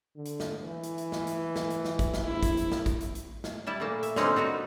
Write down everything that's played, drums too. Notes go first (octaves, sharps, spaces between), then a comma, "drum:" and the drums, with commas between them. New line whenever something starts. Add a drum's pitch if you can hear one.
D3
drum: hi-hat
drum: snare
E3
drum: hi-hat
drum: hi-hat
drum: snare
drum: hi-hat
drum: snare
drum: hi-hat
drum: snare
drum: kick, hi-hat
drum: snare
A#1 E4
drum: kick, hi-hat
drum: hi-hat
drum: snare
drum: kick, hi-hat
drum: hi-hat
drum: hi-hat
drum: snare
G3 E4 E5 A5
A#2 A3 A#3 A5
E5, drum: hi-hat
D3 G3 A#3 C4 C#4 D#4, drum: snare
D4 D#4 F#4 B4